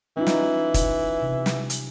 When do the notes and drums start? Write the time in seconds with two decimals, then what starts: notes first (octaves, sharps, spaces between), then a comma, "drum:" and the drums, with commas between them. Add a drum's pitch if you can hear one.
0.17 E3 C#4 D#4 F4
0.27 drum: snare
0.74 drum: kick, hi-hat
1.22 C3
1.46 drum: snare
1.70 drum: hi-hat